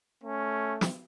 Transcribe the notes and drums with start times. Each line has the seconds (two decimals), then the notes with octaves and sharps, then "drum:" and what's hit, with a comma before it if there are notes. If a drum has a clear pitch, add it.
0.24 A3 C#4
0.81 drum: snare